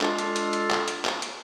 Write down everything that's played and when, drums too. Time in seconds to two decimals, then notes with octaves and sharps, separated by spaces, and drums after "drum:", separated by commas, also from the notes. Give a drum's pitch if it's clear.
0.01 G#3 D4 F4 A4, drum: clap
0.18 drum: hi-hat
0.36 drum: hi-hat
0.53 drum: hi-hat
0.70 drum: clap
0.88 drum: hi-hat
1.05 drum: clap
1.22 drum: hi-hat